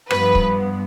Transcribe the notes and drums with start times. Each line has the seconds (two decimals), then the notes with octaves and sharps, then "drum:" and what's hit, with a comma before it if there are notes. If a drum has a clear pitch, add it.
0.10 G2 F3 B3 B4, drum: rim click
0.35 drum: kick